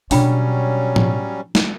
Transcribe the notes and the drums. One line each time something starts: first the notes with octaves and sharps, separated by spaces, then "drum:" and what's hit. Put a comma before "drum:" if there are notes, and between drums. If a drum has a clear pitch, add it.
B2 F#3 G3 C#4 D4 F4 G5 B5, drum: open hi-hat
drum: tom A2
drum: snare